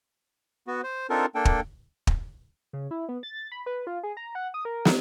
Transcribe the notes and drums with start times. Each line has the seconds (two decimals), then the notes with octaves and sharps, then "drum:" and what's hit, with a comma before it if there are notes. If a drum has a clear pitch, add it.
0.67 B3 F#4
0.84 C5
1.10 C4 D4 D#4 F4 A4 A#4
1.35 A#3 D4 A4 G5
1.45 drum: kick
2.07 drum: kick
2.73 C#3
2.91 E4
3.09 B3
3.23 A6
3.52 B5
3.66 B4
3.87 F4
4.03 G#4
4.17 A#5
4.35 F#5
4.54 D#6
4.65 A#4
4.85 drum: snare